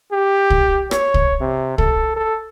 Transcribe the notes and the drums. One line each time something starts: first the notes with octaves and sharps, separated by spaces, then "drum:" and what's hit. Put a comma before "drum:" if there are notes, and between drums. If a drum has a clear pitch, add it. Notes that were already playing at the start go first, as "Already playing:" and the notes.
G4
drum: kick
C#5, drum: rim click
drum: kick
C3
A4, drum: kick
A4